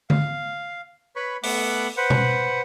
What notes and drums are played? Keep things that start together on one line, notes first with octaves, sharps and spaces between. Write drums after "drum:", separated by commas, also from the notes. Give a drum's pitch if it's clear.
F5, drum: tom D3
B4 C#5 B5 C#6
A3 B3 F#5 B5 D6 F#6, drum: open hi-hat
B4 C5 F#5
drum: tom B2